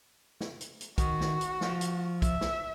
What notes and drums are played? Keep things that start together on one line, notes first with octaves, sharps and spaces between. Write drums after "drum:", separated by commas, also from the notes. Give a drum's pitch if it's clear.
drum: snare
drum: hi-hat
drum: hi-hat
D#3 F#4, drum: kick, hi-hat
drum: snare
drum: hi-hat
F3, drum: snare
drum: hi-hat
E5, drum: kick, hi-hat
drum: snare